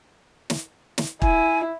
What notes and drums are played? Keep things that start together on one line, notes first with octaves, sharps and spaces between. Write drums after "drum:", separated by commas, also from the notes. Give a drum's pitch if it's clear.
drum: snare
drum: snare
E4 G#5, drum: kick